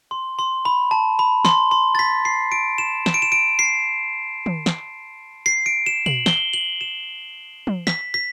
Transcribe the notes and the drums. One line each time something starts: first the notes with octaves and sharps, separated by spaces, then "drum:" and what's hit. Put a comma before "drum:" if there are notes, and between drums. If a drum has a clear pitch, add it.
C6
C6
B5
A5
B5
C6, drum: snare
C6
A6
B6
C7
D7
E7
E7, drum: snare
D7
E7
D7
C7
drum: tom
drum: snare
C7
D7
E7
F#7, drum: tom
G7, drum: snare
F#7
E7
drum: tom
B6, drum: snare
B6